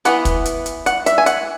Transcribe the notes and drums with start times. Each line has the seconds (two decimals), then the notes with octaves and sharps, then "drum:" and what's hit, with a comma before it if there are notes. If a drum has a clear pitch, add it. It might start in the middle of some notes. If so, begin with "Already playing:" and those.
0.05 E3 B3 E4 F#5, drum: hi-hat
0.25 drum: kick, hi-hat
0.45 drum: hi-hat
0.66 drum: hi-hat
0.86 F#5, drum: hi-hat
1.06 E5, drum: hi-hat
1.18 G#5
1.26 F#5, drum: hi-hat